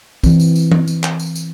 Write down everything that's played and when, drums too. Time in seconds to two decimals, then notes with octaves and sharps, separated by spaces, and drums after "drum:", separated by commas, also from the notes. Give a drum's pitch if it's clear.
0.24 E3 C4, drum: kick, tambourine
0.40 drum: tambourine
0.56 drum: tambourine
0.72 drum: tom E3
0.88 drum: tambourine
1.04 drum: clap
1.19 drum: tambourine
1.35 drum: tambourine